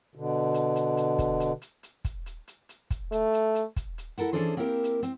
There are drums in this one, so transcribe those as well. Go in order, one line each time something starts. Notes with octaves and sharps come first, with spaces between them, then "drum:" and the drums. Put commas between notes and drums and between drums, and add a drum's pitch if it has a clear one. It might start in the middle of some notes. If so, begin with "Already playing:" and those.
B2 D3
drum: hi-hat
drum: hi-hat
drum: hi-hat
drum: kick, hi-hat
drum: hi-hat
drum: hi-hat
drum: hi-hat
drum: kick, hi-hat
drum: hi-hat
drum: hi-hat
drum: hi-hat
drum: kick, hi-hat
A3, drum: hi-hat
drum: hi-hat
drum: hi-hat
drum: kick, hi-hat
drum: hi-hat
E4 A4 A#4 F#5, drum: hi-hat
E3 C#4 D4 G#4 A4 C5
A#3 C4 E4 G4 A#4 E5
drum: hi-hat
C4, drum: hi-hat